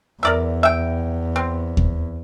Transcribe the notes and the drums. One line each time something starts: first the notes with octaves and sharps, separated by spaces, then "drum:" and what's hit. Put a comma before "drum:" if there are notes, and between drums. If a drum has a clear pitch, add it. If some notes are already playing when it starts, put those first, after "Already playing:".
E2 A#4 D5 E5
E5 G5
C4
drum: kick D#2